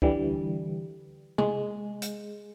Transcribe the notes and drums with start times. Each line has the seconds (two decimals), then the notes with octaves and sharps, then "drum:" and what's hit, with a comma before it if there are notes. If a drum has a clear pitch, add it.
0.02 D3 E3 G3, drum: kick C#2
1.38 G#3, drum: tom
2.02 drum: hi-hat